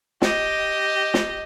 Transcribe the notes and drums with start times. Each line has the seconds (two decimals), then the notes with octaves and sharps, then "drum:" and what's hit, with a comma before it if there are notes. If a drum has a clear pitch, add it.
0.22 G4 D#5, drum: snare
1.14 drum: snare